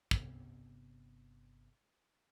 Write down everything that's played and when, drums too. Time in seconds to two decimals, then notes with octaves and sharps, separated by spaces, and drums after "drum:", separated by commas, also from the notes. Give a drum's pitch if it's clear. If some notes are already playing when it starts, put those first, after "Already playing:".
0.11 G1 C3, drum: kick